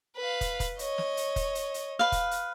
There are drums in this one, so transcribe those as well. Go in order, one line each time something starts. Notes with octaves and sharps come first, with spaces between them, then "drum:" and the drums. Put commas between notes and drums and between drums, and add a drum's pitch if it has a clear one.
B4 F5
drum: kick, hi-hat
drum: kick, hi-hat
C#5 D#5, drum: hi-hat
drum: snare
drum: hi-hat
drum: kick, hi-hat
drum: hi-hat
drum: hi-hat
B4 F5
drum: kick, hi-hat
drum: hi-hat